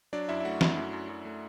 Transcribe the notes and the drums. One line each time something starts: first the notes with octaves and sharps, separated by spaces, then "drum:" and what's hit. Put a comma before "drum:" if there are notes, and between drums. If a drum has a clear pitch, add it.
F#3 D4 D5
F#2 E4 E5
E5
A3 F#4 F#5
F#2 E4 E5, drum: snare
F#2
F#2
F#2
A3